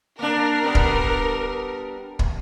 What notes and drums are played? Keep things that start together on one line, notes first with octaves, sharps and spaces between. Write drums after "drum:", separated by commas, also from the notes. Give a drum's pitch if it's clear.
A#3 D4 A#4
G3 B3 D4
drum: kick
drum: kick